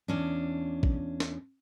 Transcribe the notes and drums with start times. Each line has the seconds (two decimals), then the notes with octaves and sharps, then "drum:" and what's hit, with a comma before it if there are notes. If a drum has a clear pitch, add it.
0.08 E2 C#4 D4
0.83 drum: kick
1.20 drum: snare